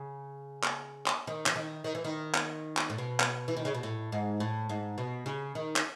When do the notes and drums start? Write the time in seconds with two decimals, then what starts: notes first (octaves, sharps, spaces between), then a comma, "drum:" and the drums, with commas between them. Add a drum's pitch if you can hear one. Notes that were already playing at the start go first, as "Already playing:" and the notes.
Already playing: C#3
0.63 drum: clap
1.06 drum: clap
1.27 D#3
1.46 E3, drum: clap
1.56 D#3
1.84 D#3
1.95 E3
2.04 D#3
2.34 drum: clap
2.77 drum: clap
2.90 A2
2.98 B2
3.20 drum: clap
3.48 E3
3.57 D#3
3.65 C#3
3.74 B2
3.83 A2
4.12 G#2
4.40 A2
4.69 G#2
4.98 B2
5.26 C#3
5.55 D#3
5.76 drum: clap